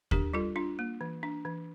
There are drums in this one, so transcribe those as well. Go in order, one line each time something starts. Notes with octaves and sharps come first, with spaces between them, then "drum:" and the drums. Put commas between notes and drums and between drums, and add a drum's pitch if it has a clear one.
D4 G4 A#4, drum: kick
G3 F4 A4
D4 F4
A#3
E3
D4
E3